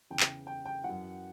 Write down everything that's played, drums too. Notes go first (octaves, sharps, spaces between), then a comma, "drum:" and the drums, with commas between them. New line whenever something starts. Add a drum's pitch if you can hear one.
E2 C#3 E3 G5
drum: clap
G5
G5
F#2 E3 F#5